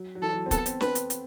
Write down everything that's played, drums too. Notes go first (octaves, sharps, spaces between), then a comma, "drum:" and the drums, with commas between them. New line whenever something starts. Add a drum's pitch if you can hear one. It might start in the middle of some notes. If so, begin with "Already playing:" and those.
Already playing: F#3
F#3
E3 A4
F#3
C4
B3 A4, drum: kick, hi-hat
C4, drum: hi-hat
C4 B4, drum: snare
drum: hi-hat
drum: hi-hat